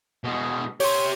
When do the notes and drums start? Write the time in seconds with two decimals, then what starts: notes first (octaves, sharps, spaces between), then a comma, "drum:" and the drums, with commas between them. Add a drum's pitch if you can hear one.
0.24 B2 G#3
0.80 G4 C#5 C6, drum: open hi-hat